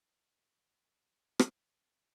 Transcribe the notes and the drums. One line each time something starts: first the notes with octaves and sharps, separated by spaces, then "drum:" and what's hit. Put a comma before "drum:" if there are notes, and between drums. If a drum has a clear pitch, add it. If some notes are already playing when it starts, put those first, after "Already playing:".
B1 E2 B3
G#1 A#2 D3 F#3 A#4
A3 A4
drum: rim click
F#2 A2 G6